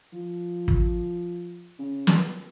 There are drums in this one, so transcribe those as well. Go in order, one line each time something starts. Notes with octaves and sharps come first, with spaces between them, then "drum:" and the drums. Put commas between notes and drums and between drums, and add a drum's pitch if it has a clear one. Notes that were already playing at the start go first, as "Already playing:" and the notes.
F3
drum: kick
C#3
drum: snare